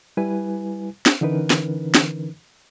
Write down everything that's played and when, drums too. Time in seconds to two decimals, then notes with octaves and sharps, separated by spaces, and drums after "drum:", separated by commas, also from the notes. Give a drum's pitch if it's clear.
0.17 G3 E4 B4 G#5
1.06 drum: snare
1.21 D3 E3 C#4 D#4 A#4 B4
1.50 drum: snare
1.95 drum: snare